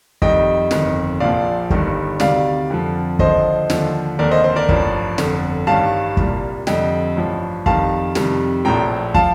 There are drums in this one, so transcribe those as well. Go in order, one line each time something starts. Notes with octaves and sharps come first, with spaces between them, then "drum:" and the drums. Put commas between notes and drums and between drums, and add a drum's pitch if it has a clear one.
F2 D#3 G3 D#5 G5, drum: kick
G1 F2 D#3, drum: snare
A#1 A#2 F3 D5 F5
G1 G2 D#3 G3, drum: kick
D2 C3 D#3 G3 D5 F5, drum: snare
F2 D3 F3
D#2 D3 F3 C5 D#5, drum: kick
D#2 D3 F3, drum: snare
F1 D#2 D3 A#4 D5
C5 D#5
C5
A#4 D5
A1 G2 F3, drum: kick
G1 F2 D3, drum: snare
A1 G2 D#3 G3 F5 A5
C2 A#2 G3, drum: kick
F2 D3 G3 D#5 G5, drum: snare
A1 G2 F3
F2 D#3 G3 F5 A5, drum: kick
F2 C3 D#3 G3, drum: snare
A#1 A2 F3 G5 A#5
F3 F5 A5, drum: kick